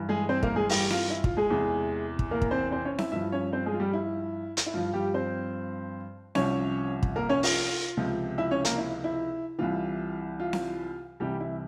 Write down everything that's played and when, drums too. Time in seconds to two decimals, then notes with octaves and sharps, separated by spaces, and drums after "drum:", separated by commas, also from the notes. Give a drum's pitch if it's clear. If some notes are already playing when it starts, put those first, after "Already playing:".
Already playing: G2 E3
0.09 G#3 G#4
0.29 C4 C5
0.43 A#3 A#4, drum: kick
0.56 G#3 G#4
0.70 G3 G4, drum: open hi-hat
0.90 F4, drum: snare C4
1.10 E4
1.24 F4, drum: kick
1.37 G#3 G#4
1.50 E2 C3 E3
2.19 drum: kick
2.31 A#3 A#4
2.42 drum: kick
2.51 C4 C5
2.71 C4 C5
2.85 C#4 C#5
2.98 E4 E5, drum: snare C4
3.12 G2 F3 E4 E5
3.32 C#4 C#5
3.53 C4 C5
3.66 G#3 G#4
3.74 F4
3.79 G3 G4
3.93 E4
4.57 drum: hi-hat
4.66 E4
4.74 G2 F3 F4
4.93 G3 G4
5.14 C4 C5
6.35 C2 C3 F3 C#4 C#5, drum: snare C4
7.03 drum: kick
7.16 A#3 A#4
7.29 C#4 C#5
7.43 F4 F5, drum: open hi-hat
7.97 C#2 C3 F3
8.38 E4 E5
8.51 C#4 C#5
8.65 A#3 A#4, drum: hi-hat
8.78 E4
9.04 E4
9.58 C2 C3 E3 F4
10.40 F4
10.53 drum: snare C4
11.20 C2 C3 E3 G3 G4
11.40 E4